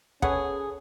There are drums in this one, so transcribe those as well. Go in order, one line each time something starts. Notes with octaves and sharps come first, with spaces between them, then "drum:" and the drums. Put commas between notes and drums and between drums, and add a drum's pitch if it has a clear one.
C#4 G#4 A4 B4 C#5 F#5, drum: kick